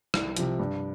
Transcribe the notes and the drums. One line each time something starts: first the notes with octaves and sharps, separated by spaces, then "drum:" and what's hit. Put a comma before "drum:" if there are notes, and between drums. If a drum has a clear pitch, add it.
C2, drum: rim click
C3 F3, drum: hi-hat
G2